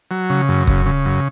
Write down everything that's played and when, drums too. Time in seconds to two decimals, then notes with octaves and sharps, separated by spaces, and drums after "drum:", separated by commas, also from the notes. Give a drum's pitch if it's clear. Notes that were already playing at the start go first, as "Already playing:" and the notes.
0.11 F#3
0.30 C#3
0.49 F#2
0.67 C#3, drum: kick
0.86 C#3
1.05 F#2